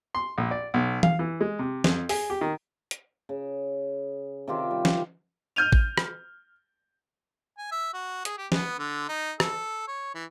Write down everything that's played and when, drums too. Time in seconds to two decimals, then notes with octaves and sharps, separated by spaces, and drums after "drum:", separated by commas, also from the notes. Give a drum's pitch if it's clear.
0.15 C6
0.38 A#1
0.51 D5
0.74 B1
1.03 F5, drum: tom E3
1.19 E3
1.41 G#3
1.59 C3
1.84 F2, drum: snare F3
2.09 G#4, drum: open hi-hat
2.30 G4
2.41 D#3
2.91 drum: hi-hat
3.29 C#3
4.48 C3 D#3 F4 G4
4.71 G3
4.85 drum: snare F3
5.56 F6 G6 D#7 F7
5.73 drum: kick A1
5.98 drum: rim click
7.58 G#5
7.72 E5
7.94 F#4
8.25 G#4, drum: hi-hat
8.38 G4
8.52 B3, drum: snare F3
8.78 D3
9.09 D#4
9.40 A4, drum: rim click
9.88 C#5
10.15 E3